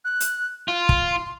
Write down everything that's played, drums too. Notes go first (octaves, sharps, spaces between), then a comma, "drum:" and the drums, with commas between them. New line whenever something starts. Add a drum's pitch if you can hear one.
F#6
drum: hi-hat
F4 C6
drum: kick